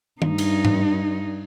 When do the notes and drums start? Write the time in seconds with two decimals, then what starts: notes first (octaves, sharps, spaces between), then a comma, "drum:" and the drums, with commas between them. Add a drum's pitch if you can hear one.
0.22 G2 D#4, drum: tom D#3
0.38 drum: cymbal
0.65 drum: tom G#2